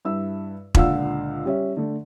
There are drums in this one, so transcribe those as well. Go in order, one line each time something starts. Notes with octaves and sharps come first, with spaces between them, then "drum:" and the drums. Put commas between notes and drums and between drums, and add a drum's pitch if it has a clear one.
G2 E4 E5 E6
C#2 A#2 D3 F5 F#5 E6, drum: kick E1
G3 C#4 E5
D3 A3